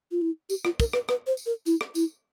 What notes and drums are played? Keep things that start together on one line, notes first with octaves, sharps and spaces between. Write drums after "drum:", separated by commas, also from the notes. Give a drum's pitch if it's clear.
F4
E4
G4, drum: tambourine
F4, drum: rim click
A#4, drum: kick, tambourine
B4, drum: rim click
B4, drum: rim click
C5
drum: tambourine
A#4
E4, drum: tambourine
drum: rim click
E4, drum: tambourine